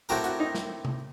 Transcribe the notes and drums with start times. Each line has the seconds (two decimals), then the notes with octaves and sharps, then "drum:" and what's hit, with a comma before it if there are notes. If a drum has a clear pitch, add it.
0.09 A2 A3 C4 F#4 G4 A#4
0.24 F#4, drum: hi-hat
0.40 D#4
0.55 drum: snare
0.85 drum: tom C3